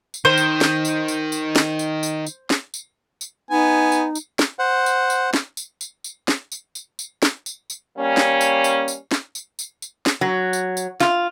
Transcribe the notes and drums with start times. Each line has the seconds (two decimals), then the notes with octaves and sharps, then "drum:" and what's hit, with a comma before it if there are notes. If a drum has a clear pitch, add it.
0.14 drum: tambourine
0.25 D#3 C5
0.38 drum: tambourine
0.61 drum: snare
0.85 drum: tambourine
1.08 drum: tambourine
1.32 drum: tambourine
1.56 drum: snare
1.79 drum: tambourine
2.03 drum: tambourine
2.26 drum: tambourine
2.50 drum: snare
2.74 drum: tambourine
3.21 drum: tambourine
3.51 B3 D#4 G#5
3.92 drum: tambourine
4.15 drum: tambourine
4.39 drum: snare
4.59 C5 F#5
4.86 drum: tambourine
5.10 drum: tambourine
5.34 drum: snare
5.57 drum: tambourine
5.81 drum: tambourine
6.04 drum: tambourine
6.28 drum: snare
6.52 drum: tambourine
6.75 drum: tambourine
6.99 drum: tambourine
7.23 drum: snare
7.46 drum: tambourine
7.70 drum: tambourine
7.98 G3 A#3 C#4
8.17 drum: snare
8.41 drum: tambourine
8.64 drum: tambourine
8.88 drum: tambourine
9.11 drum: snare
9.35 drum: tambourine
9.59 drum: tambourine
9.82 drum: tambourine
10.06 drum: snare
10.21 F#3
10.53 drum: tambourine
10.77 drum: tambourine
11.00 F4, drum: snare